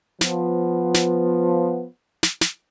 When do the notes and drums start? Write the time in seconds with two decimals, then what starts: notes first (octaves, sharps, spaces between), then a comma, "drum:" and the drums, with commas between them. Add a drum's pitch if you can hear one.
0.21 F3 B3, drum: snare
0.94 drum: snare
2.23 drum: snare
2.41 drum: snare